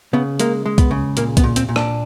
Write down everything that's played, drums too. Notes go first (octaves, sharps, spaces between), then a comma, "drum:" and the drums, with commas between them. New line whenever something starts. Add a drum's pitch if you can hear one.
C#3 B3
G#3 A#3, drum: hi-hat
G#3
B3, drum: kick, hi-hat
C#3
A#2 A#3, drum: hi-hat
B3, drum: kick, hi-hat
A#2
C4, drum: hi-hat
A#2
D4, drum: rim click